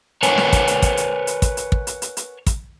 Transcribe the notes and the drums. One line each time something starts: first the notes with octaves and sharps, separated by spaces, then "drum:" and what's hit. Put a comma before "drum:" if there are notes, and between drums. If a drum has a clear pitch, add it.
A#4 B4 C#5 F#5 G#5 A5, drum: hi-hat
drum: snare
drum: kick, hi-hat
drum: hi-hat
drum: kick, hi-hat
drum: hi-hat
drum: hi-hat
drum: kick, hi-hat
drum: hi-hat
drum: kick
drum: hi-hat
drum: hi-hat
drum: hi-hat
drum: kick, hi-hat